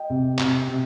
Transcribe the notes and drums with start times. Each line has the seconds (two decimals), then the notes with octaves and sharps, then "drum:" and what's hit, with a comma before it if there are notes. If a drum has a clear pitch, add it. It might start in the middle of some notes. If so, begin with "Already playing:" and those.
Already playing: D#5 G5
0.10 C3
0.39 C3, drum: clap
0.69 C3